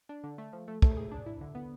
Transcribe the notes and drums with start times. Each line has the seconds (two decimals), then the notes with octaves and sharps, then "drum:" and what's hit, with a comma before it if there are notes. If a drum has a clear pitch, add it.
0.09 D4
0.24 D3
0.38 A3
0.53 F3
0.68 A3
0.82 A3, drum: kick
0.97 G#4
1.11 D4
1.26 E4
1.41 D3
1.55 B3